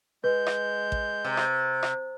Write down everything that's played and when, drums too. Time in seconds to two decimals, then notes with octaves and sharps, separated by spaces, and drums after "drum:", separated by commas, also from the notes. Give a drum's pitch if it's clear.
0.24 G#3 B4 G6
0.46 drum: rim click
0.92 drum: kick A1
1.25 C3
1.37 drum: rim click
1.83 drum: rim click